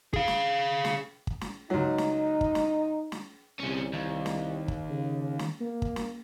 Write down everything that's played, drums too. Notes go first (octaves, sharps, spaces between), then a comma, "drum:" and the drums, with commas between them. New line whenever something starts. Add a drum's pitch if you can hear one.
G#4 F5, drum: kick
drum: snare
drum: snare
drum: kick
drum: snare
C#2 F#3 D#4
drum: snare
drum: kick
drum: snare
drum: snare
C2 C3 C#4
D#2
drum: snare
drum: kick
C#3
drum: snare
A#3
drum: kick
drum: snare